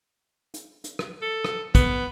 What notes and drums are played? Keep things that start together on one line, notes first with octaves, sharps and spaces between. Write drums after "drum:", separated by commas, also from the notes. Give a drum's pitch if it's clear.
drum: hi-hat
drum: hi-hat
drum: rim click
A4
drum: rim click
B3, drum: kick, hi-hat